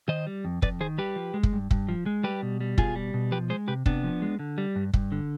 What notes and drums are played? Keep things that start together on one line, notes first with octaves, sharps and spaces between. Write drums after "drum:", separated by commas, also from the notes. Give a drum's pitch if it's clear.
D#3 C5 D#5
G3
F2
F2 B4 D5, drum: kick
D#3 G#4 C5
G3 G4 B4
F3
G#3
drum: kick
G2
G2, drum: kick
F3
G#3
G3 G4 B4
B2
G3
B2 F4 G#4, drum: kick
G3
B2
F3 G4 B4
G#3 G#4 C5
C3 G4 B4
C3 B3 D4, drum: kick
F3
G#3
D3
G3
G2
G2, drum: kick
D3